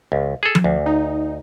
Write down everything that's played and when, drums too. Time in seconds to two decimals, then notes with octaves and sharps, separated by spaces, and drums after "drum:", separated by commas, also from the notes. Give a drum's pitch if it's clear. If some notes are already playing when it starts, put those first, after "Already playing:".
0.12 C#2
0.43 G#4 A4
0.55 drum: tom F3
0.64 D2
0.86 D#4